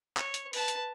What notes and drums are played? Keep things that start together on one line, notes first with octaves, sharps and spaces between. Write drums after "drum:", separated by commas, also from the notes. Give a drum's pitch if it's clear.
C#5, drum: clap
drum: hi-hat
B4 A5, drum: open hi-hat
drum: hi-hat